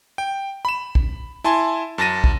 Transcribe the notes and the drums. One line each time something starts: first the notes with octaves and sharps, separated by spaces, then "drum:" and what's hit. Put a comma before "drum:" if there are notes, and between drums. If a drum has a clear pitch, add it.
G5
B5 E7
drum: kick
E4 G#5 A5 C6
F#2 A5 A6 A#6 D#7
drum: kick